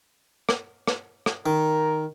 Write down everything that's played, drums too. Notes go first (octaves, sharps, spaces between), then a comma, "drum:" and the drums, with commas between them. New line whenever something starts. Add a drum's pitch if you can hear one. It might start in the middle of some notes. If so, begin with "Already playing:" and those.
drum: rim click
drum: rim click
drum: rim click
D#3 A#4